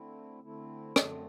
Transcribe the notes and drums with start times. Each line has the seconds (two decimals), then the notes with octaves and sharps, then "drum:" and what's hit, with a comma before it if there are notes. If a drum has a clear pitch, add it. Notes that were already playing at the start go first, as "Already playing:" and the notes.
Already playing: D3 A3 C4 E4
0.43 D3 A3 C4 E4
0.96 F#2 D3 A3 C4, drum: rim click